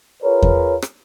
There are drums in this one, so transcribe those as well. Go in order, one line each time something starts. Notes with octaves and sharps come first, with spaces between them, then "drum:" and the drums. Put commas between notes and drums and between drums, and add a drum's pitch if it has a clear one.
F4 G#4 A#4 B4 C#5
drum: kick E2
drum: rim click